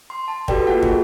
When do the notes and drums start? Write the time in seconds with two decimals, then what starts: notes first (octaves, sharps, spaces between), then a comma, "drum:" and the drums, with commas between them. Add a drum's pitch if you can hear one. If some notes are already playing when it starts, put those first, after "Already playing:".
0.10 C6
0.28 A5 C6
0.48 F#4 G4 A4 B4 D5 G5, drum: kick
0.66 A#3 F4 F#4 F#5 G5 A5
0.83 G#4, drum: kick